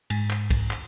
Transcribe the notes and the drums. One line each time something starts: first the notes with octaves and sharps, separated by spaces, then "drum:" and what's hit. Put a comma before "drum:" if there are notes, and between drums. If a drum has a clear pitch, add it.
G#2, drum: cymbal
drum: clap
drum: kick, cymbal
drum: clap